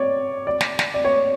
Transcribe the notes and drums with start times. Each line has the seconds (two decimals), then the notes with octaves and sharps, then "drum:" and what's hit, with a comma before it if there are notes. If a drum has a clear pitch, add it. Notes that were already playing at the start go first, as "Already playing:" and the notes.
Already playing: C#5 D5
0.47 D5
0.61 drum: snare
0.79 drum: snare
0.94 D5
1.05 C#5